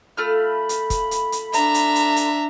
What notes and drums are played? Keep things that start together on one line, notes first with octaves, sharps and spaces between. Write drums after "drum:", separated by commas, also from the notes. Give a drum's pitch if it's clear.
A3 F4 B5 F6
drum: hi-hat
drum: kick, hi-hat
drum: hi-hat
drum: hi-hat
D4 E5 A#5, drum: hi-hat
drum: hi-hat
drum: hi-hat
drum: hi-hat